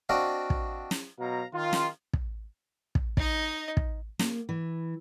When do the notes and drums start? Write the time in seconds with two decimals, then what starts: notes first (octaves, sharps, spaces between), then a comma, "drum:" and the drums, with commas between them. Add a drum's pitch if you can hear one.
0.09 C4 D4 F#4 D#5 F5
0.50 drum: kick
0.91 drum: snare
1.19 B2 F#3 F5 A#5
1.53 D#3 F4
1.73 drum: snare
2.13 drum: kick
2.95 drum: kick
3.17 D#4 D#5, drum: kick
3.77 drum: kick
4.19 A#3, drum: snare
4.49 E3